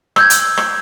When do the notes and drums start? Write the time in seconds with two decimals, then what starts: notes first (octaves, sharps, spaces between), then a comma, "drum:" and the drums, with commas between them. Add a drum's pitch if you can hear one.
0.16 E6 G6 G#6, drum: rim click
0.30 drum: hi-hat
0.57 drum: rim click